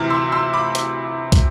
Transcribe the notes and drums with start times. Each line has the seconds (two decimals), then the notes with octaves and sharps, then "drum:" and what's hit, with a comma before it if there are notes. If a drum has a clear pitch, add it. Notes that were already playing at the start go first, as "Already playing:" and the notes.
Already playing: D2 C3 E3 D6 F6
0.10 C6 E6
0.32 C6 E6
0.53 B5 D6
0.75 drum: hi-hat
1.32 drum: kick, hi-hat